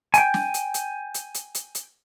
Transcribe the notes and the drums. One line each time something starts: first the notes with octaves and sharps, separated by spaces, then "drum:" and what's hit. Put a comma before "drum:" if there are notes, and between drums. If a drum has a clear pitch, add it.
G5 G#5, drum: hi-hat
drum: snare
drum: hi-hat
drum: hi-hat
drum: hi-hat
drum: hi-hat
drum: hi-hat
drum: hi-hat